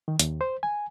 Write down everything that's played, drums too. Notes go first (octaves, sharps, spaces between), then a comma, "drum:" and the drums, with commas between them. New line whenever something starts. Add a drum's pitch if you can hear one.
D#3
D#2, drum: hi-hat
C5
G#5